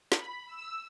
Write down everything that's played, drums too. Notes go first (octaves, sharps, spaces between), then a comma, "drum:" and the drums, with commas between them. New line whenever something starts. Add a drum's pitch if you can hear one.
B5, drum: snare
E6